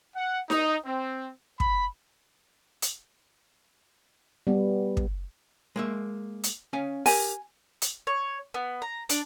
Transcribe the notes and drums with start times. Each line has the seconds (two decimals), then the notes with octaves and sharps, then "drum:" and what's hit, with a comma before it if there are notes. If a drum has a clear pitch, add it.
0.16 F#5
0.50 D#4, drum: snare D#4
0.85 C4
1.60 B5, drum: kick
2.82 drum: hi-hat
4.47 G3 B3
4.97 drum: kick
5.76 G#3 A#3 E5
6.43 drum: hi-hat
6.73 C#4 F5 G#5
7.06 G4 A#4 G#5, drum: open hi-hat
7.82 drum: hi-hat
8.07 C#5
8.54 B3
8.82 A#5
9.09 D4, drum: hi-hat